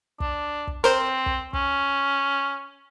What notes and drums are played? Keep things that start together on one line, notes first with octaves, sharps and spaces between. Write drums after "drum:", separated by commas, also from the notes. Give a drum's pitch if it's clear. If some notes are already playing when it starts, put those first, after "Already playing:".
D4, drum: kick
drum: kick
C4 A#4 C5, drum: hi-hat
drum: kick
C#4, drum: kick